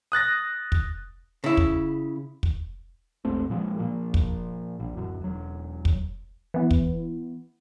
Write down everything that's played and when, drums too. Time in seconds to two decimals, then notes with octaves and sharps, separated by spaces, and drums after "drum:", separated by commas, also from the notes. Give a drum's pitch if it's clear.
0.12 D#6 F#6 A6 A#6
0.72 drum: kick
1.44 C#3 E4
1.57 drum: kick
2.43 drum: kick
3.25 E1 A#1 A3 C4
3.50 A#2 F3 G3 G#3
3.77 A#2 F3 A#3
4.14 drum: kick
4.80 A#1
4.93 D1 F#2
5.21 E1 F#3
5.85 drum: kick
6.54 E3 B3
6.71 drum: kick